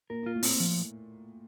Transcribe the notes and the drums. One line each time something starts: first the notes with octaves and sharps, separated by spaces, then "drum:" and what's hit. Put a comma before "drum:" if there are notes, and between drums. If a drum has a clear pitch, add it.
A#2 A#4
A#2 F4
A2
A#2 C4, drum: open hi-hat
F3